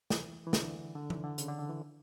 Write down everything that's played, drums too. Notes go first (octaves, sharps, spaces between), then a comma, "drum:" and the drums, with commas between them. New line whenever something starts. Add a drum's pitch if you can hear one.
E3, drum: snare
E3
D3, drum: snare
D3
E3, drum: tom
D3
C#3, drum: hi-hat
D3
D3
E3